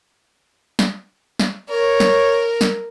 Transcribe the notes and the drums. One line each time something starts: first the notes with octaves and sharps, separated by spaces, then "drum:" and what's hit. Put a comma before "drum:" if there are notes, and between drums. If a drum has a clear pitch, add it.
drum: snare
drum: snare
A#4 C#5
drum: snare
drum: snare